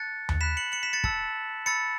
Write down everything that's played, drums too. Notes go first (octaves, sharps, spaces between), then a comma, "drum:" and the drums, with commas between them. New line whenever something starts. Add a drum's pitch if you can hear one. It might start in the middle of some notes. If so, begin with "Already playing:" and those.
Already playing: A5 F#6 A6 C#7
drum: tom D#2
B5 F#6 B6 E7
C#7 F#7
C#7 F#7
B6 E7
A6 C#7
A5 E6 A6 C#7, drum: kick
B5 E6 A6 C#7